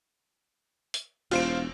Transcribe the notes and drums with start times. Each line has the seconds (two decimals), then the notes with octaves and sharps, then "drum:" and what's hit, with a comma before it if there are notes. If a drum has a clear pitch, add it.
0.94 drum: hi-hat
1.31 E1 F4 C5 D7, drum: cymbal